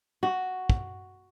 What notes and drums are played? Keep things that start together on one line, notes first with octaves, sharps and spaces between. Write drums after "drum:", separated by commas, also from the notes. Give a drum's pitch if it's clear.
F#4
drum: kick